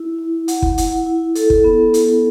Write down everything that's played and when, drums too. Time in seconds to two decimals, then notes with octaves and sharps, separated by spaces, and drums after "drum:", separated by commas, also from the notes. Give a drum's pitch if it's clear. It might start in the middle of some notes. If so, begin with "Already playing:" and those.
Already playing: E4
0.19 E4
0.48 F#5, drum: hi-hat
0.62 drum: kick
0.78 E4, drum: hi-hat
1.06 E4
1.35 A4, drum: hi-hat
1.50 drum: kick
1.64 B3
1.94 B3, drum: hi-hat